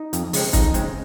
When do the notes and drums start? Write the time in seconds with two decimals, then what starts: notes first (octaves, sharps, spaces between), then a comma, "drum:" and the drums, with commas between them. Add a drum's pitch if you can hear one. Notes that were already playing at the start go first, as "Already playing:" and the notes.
Already playing: D#4
0.13 F2, drum: hi-hat
0.33 C#3 G#3 C4, drum: open hi-hat
0.53 F2 D#4, drum: kick, hi-hat
0.74 C#3 G#3 C4, drum: hi-hat